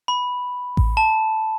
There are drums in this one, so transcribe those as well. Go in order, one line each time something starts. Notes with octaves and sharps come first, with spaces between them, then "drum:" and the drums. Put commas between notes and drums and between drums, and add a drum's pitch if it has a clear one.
B5
drum: kick A1
A5